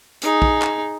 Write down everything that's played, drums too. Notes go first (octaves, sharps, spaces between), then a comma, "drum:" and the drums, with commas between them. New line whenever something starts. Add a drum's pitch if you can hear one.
D#4 G#4, drum: hi-hat
drum: kick
drum: clap